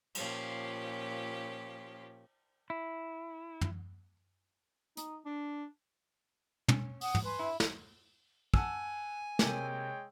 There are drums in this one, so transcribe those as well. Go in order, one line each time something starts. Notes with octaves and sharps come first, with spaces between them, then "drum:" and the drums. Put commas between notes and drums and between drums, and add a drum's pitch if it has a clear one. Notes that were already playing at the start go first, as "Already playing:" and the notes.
A#2 F3 C#4 G4, drum: cymbal
E4
drum: tom
D#4, drum: hi-hat
D4
C#4, drum: tom
F#5 G#5 D#6, drum: open hi-hat
drum: tom
B4 G#5 C6
E4
drum: snare
F#5 G#5 A5 E6, drum: kick
C3 G#3 A#3 C#5 G5, drum: snare